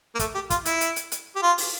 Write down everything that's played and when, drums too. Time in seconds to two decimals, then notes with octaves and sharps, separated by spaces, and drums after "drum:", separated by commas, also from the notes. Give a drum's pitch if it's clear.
0.15 A#3
0.19 A3, drum: kick, hi-hat
0.35 G4
0.50 F4, drum: kick, hi-hat
0.65 E4, drum: hi-hat
0.81 drum: hi-hat
0.96 drum: hi-hat
1.12 drum: hi-hat
1.35 G4
1.42 F4
1.58 drum: open hi-hat